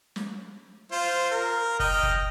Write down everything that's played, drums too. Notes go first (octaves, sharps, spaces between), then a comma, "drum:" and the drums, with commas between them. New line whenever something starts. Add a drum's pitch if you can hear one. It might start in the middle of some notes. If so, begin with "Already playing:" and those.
drum: snare
F4 C5
A#4
D#5 G5 F6, drum: kick F#1
drum: kick F#1